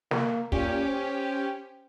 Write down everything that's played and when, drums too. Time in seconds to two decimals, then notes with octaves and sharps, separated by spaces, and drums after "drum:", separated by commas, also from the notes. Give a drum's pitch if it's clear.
0.11 A#3, drum: snare
0.52 A#2 C#4 G4, drum: kick
0.88 C5